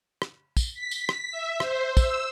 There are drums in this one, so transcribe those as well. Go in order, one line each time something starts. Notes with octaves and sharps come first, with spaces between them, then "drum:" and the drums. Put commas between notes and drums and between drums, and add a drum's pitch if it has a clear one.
drum: rim click
drum: kick, tambourine
B6
drum: tambourine
drum: rim click
E5
C5, drum: rim click
E6, drum: kick, tambourine